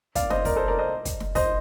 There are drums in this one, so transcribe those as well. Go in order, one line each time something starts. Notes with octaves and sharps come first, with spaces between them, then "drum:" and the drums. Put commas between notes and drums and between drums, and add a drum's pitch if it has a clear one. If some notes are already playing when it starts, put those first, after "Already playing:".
D5 F5, drum: kick, hi-hat
C5 D#5, drum: snare
A#4 D5, drum: kick, open hi-hat
A4 C5
A#4 D5
C5 D#5
drum: kick, hi-hat
drum: snare
C5 D#5, drum: kick, open hi-hat